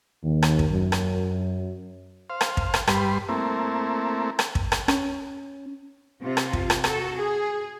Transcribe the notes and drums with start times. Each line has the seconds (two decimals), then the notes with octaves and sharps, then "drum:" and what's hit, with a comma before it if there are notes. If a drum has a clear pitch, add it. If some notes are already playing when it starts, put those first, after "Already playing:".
0.23 D#2
0.43 drum: rim click
0.59 drum: kick
0.71 F#2
0.92 drum: rim click
2.30 C5 F5
2.41 drum: rim click
2.57 drum: kick
2.74 drum: rim click
2.87 G2 G3 B4 C6, drum: rim click
3.29 A3 A#3 C4 E4
4.39 drum: rim click
4.55 drum: kick
4.72 drum: rim click
4.88 C#4, drum: rim click
6.21 C3 F4
6.37 drum: rim click
6.53 drum: kick
6.70 drum: rim click
6.84 F#4 A4, drum: rim click
7.16 G#4